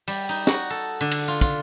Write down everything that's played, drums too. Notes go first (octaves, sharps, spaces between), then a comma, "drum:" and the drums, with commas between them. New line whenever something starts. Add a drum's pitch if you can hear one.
G3, drum: open hi-hat
D#4, drum: open hi-hat
F#4, drum: snare
A4
D3
drum: cymbal
F4
F4, drum: kick